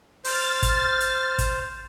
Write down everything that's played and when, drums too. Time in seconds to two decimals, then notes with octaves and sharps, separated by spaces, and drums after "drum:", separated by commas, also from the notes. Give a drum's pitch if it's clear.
0.24 C5 F6 A6, drum: open hi-hat
0.62 drum: kick, hi-hat
1.00 drum: hi-hat
1.38 drum: kick, hi-hat